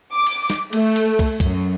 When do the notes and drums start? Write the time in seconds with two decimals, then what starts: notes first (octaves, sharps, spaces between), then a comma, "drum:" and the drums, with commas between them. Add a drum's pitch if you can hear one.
0.13 D6
0.27 drum: cymbal
0.50 drum: snare
0.73 A3, drum: cymbal
0.96 drum: cymbal
1.19 drum: kick, cymbal
1.40 F#2, drum: kick, cymbal